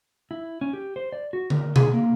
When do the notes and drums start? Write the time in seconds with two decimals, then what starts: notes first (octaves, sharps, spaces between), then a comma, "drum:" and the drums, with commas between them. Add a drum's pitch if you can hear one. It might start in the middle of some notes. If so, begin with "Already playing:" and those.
0.31 E4
0.61 C#4
0.73 G4
0.96 C5
1.12 D5
1.33 F#4
1.50 A#4, drum: tom D3
1.76 G#4, drum: tom B2
1.93 A#3